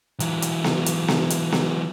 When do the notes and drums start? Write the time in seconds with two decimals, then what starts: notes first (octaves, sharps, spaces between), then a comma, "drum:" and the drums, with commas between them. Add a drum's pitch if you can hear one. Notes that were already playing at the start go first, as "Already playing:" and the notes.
0.20 E3 F#3, drum: hi-hat
0.42 drum: hi-hat
0.64 drum: snare B3
0.86 drum: hi-hat
1.08 drum: snare B3
1.30 drum: hi-hat
1.52 drum: snare B3